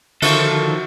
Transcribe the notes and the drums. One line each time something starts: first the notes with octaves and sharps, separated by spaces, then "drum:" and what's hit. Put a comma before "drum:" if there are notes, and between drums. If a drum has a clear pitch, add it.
D3 D#3 F3 F4 F#4 A4 E5, drum: cymbal